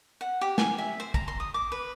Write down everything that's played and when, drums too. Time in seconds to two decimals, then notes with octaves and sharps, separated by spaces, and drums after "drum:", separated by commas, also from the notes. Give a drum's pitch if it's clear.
0.21 F#5
0.41 G4
0.58 G#5, drum: snare
0.78 E5
1.00 C5
1.14 A#5, drum: kick
1.28 C6
1.40 D#6
1.54 D6
1.72 B4